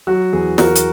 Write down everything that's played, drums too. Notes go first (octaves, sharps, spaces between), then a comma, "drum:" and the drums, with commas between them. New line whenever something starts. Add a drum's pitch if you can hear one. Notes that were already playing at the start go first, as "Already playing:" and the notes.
F#3 F#4
E2 G#4
E2 F#4 A#4, drum: snare
drum: hi-hat